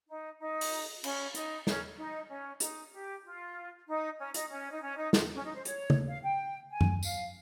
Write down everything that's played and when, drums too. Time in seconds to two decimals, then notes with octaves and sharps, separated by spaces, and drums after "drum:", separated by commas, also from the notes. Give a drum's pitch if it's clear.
0.08 D#4
0.39 D#4
0.61 drum: open hi-hat
1.04 C#4, drum: cymbal
1.35 D#4, drum: hi-hat
1.67 C#4, drum: snare
1.98 D#4
2.29 C#4
2.60 D#4, drum: hi-hat
2.92 G4
3.24 F4
3.88 D#4
4.18 C#4
4.34 D#4, drum: hi-hat
4.50 C#4
4.71 D#4
4.82 C#4
4.97 D#4
5.13 F4, drum: snare
5.34 C#4
5.45 D#4
5.55 C5
5.65 C#5, drum: hi-hat
5.90 drum: tom
6.08 F5
6.23 G5
6.70 G#5
6.81 drum: tom F#2
7.03 F5, drum: tambourine